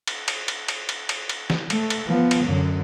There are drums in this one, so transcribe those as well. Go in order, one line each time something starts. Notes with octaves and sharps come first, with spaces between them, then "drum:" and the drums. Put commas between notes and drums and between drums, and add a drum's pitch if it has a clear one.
drum: cymbal
drum: cymbal
drum: cymbal
drum: cymbal
drum: cymbal
drum: cymbal
drum: cymbal
drum: snare
A3, drum: cymbal
drum: cymbal
F3 B3
drum: cymbal
F#2 D3